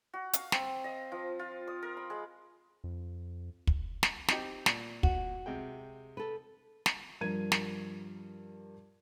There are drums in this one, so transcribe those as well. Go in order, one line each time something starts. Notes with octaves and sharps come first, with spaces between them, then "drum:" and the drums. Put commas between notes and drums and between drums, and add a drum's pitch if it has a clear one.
F#4
F5, drum: hi-hat
C4, drum: snare
D#5
F3
F4
D#6
A#4
B5
G#3
F2
drum: kick
drum: snare
C4 D#4 G4, drum: snare
A#2, drum: snare
F#4, drum: kick
C3 G#3 G5
A4 B4
drum: snare
G2 F3 A#4 G#6 D#7
drum: snare